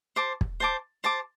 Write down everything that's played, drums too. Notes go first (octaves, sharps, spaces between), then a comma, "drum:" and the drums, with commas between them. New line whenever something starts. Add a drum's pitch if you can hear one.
C5 A5 D6
drum: kick
C5 A5 D6
C5 A5 D6